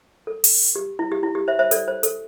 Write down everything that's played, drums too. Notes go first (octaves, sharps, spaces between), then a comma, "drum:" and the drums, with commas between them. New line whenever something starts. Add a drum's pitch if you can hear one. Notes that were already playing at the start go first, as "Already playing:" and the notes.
A4
drum: open hi-hat
G4
E4
G4
E4
G4
C5 E5
C5 E5
A4 D5, drum: hi-hat
C5
A4, drum: hi-hat